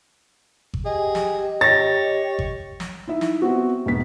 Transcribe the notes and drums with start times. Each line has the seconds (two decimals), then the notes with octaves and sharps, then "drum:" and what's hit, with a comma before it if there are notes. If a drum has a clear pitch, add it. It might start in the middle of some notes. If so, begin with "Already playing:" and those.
0.74 drum: kick G#1
0.85 G4 G#4 D#5
1.15 drum: snare
1.61 G4 C#5 A6 A#6
2.39 drum: kick G#1
2.80 drum: snare
3.08 D#4 E4 E5
3.21 drum: snare
3.42 B3 C4 F#4
3.86 E1 G#2 B3 B6